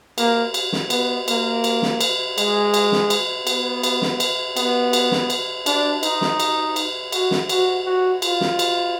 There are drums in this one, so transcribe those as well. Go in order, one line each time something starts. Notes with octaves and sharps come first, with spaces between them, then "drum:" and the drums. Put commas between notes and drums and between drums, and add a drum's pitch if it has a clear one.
A#3, drum: cymbal
drum: cymbal
drum: snare
B3, drum: cymbal
A#3, drum: cymbal
drum: cymbal
drum: snare
drum: cymbal
G#3, drum: cymbal
drum: cymbal
drum: snare
drum: cymbal
B3, drum: cymbal
drum: cymbal
drum: snare
drum: cymbal
B3, drum: cymbal
drum: cymbal
drum: snare
drum: cymbal
D4, drum: cymbal
D#4, drum: cymbal
drum: snare
drum: cymbal
drum: cymbal
F#4, drum: cymbal
drum: snare
F#4, drum: cymbal
F#4
F4, drum: cymbal
drum: snare
drum: cymbal